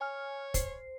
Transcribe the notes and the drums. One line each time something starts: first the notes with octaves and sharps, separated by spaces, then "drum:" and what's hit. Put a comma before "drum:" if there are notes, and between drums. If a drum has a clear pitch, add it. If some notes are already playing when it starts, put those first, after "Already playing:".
C#5 G#5 F6
C5 C7, drum: kick, hi-hat